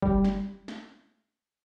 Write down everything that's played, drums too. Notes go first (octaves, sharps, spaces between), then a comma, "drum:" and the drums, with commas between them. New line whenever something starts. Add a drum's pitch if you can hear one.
G3, drum: kick
drum: snare
drum: snare